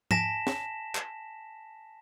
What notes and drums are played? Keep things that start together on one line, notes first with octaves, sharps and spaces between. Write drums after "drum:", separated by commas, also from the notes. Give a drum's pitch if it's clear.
G#5 A5 A#6 B6 E7, drum: tom
drum: snare
drum: clap